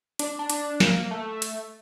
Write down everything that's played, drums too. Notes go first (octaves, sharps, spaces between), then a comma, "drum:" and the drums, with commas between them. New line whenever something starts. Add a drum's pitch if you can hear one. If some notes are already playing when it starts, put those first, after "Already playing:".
D4, drum: hi-hat
D4
D4, drum: hi-hat
A#3, drum: snare
A3
drum: hi-hat